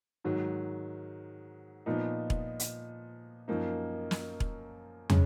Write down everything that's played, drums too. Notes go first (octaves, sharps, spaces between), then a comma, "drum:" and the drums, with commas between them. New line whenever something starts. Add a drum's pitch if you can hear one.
G#2 D#3 F#3
A#2 F3 B3 D#4
drum: kick E1
drum: hi-hat
F#2 F3 A#3 D#4
drum: snare
drum: kick E1
C#3 G#3 C#4, drum: tom